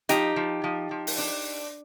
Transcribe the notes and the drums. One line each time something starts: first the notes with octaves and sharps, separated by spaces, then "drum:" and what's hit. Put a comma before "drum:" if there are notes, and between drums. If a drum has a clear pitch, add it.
F3 D#4 G4, drum: hi-hat
F3
F3
F3
drum: open hi-hat
D4